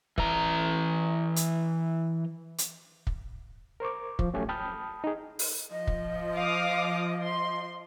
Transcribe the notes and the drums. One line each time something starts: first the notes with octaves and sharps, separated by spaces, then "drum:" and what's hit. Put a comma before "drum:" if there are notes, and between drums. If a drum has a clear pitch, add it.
E3 A#5, drum: kick
drum: hi-hat
drum: hi-hat
drum: kick
A#4 C5 C#6 D6
F3, drum: kick
F#3 A3 C#4 G4 G#5
G5 A5 B5 D#6 F6 G6
D#4 G#4
drum: open hi-hat
F3 D#5
drum: kick
F5 D6 D#6
C6